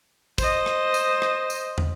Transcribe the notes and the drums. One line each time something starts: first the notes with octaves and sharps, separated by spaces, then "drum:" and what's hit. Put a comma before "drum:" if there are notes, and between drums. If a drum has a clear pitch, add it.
C5 D#5, drum: kick, tambourine
drum: rim click
drum: tambourine
drum: rim click
drum: tambourine
drum: tom